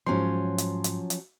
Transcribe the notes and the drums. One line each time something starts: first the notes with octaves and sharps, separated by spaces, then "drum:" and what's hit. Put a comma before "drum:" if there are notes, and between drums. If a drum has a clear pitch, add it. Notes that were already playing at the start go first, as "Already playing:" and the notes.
G#2 F3 F#3 C#4 C6
drum: hi-hat
drum: hi-hat
drum: hi-hat